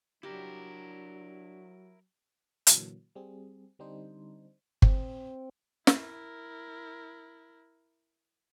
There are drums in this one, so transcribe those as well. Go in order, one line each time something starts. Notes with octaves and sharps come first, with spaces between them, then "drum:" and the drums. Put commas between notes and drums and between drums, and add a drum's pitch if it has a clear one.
F#3 D4 E4 G4 A#4
A#2 D3 E3 F#3 A#3, drum: hi-hat
G3 C4 G#4
D3 G3 C4 D4 D#4 C5
C4, drum: kick G1
E4 A#4, drum: snare